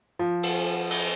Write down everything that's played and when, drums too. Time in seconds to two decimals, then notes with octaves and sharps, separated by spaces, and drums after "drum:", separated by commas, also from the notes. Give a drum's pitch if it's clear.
0.19 F3 F4
0.43 drum: cymbal
0.64 A4
0.91 drum: cymbal